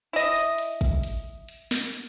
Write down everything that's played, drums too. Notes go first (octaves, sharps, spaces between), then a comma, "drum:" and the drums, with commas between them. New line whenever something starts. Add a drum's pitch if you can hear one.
E4 D#5
drum: hi-hat
drum: hi-hat
drum: kick, hi-hat
drum: hi-hat
drum: hi-hat
drum: snare
drum: hi-hat